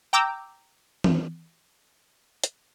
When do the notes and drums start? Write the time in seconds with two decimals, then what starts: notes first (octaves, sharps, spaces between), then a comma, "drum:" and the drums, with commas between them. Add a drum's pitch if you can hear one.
0.13 G5 A#5 D6 E6 G6
1.04 drum: tom
2.44 drum: hi-hat